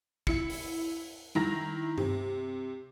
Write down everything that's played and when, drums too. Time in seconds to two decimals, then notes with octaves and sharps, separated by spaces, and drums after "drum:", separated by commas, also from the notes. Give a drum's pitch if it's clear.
0.27 E4 C#7, drum: kick
0.50 drum: open hi-hat
1.35 D#3 E4 A#5 A#6, drum: tom G3
1.98 C3, drum: tom G2